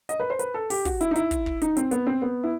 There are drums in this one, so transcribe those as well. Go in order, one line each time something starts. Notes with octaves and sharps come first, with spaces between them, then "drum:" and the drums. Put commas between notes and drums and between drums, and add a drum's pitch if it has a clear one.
D#5, drum: hi-hat
B4
C5
B4, drum: hi-hat
A4
G4, drum: open hi-hat
F#4, drum: kick, hi-hat
E4, drum: hi-hat
D#4
E4, drum: hi-hat
drum: kick, hi-hat
drum: kick
D#4, drum: hi-hat
C4, drum: hi-hat
B3, drum: hi-hat
C4
B3
E4